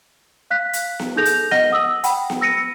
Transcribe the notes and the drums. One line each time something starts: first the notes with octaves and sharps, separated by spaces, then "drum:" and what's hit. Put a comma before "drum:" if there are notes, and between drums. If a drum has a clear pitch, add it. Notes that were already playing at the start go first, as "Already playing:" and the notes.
F5 F#6 B6
drum: hi-hat
drum: snare B3
D#4 G#4 A4 G6 A#6 F7
drum: hi-hat
D#5 F#5 F6 A#6 D#7 G7, drum: snare B3
F#5 D#6 E6 F#7
F#5 G5 B5, drum: hi-hat
drum: snare B3
E6 A#6 C#7 D#7